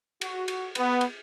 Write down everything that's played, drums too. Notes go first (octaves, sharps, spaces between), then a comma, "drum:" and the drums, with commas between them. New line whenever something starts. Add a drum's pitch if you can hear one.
F#4, drum: cymbal
drum: cymbal
B3, drum: cymbal
drum: cymbal